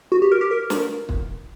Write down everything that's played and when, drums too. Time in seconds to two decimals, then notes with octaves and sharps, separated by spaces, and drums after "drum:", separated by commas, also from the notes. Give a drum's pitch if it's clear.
0.12 F#4
0.22 G4
0.32 A#4
0.41 G4
0.51 A#4
0.70 drum: snare
1.09 drum: kick